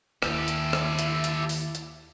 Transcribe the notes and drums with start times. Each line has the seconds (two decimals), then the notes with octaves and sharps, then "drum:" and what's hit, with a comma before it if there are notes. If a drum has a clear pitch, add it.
0.22 D#2 E4 G4 A4, drum: rim click
0.48 drum: hi-hat
0.73 drum: rim click
0.99 drum: hi-hat
1.24 drum: hi-hat
1.49 drum: open hi-hat
1.75 drum: hi-hat